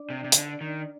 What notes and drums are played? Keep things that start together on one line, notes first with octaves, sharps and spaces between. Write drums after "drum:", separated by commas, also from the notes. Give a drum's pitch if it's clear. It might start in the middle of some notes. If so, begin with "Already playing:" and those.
Already playing: D4 D5
C3
C3
D3, drum: hi-hat
D#3